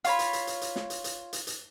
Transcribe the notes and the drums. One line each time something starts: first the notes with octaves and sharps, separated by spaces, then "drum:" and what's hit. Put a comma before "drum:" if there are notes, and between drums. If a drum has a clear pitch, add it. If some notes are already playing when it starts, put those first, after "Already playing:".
F4 C#5 B5, drum: hi-hat
drum: hi-hat
drum: hi-hat
drum: hi-hat
drum: hi-hat
drum: snare
drum: hi-hat
drum: hi-hat
drum: hi-hat
drum: hi-hat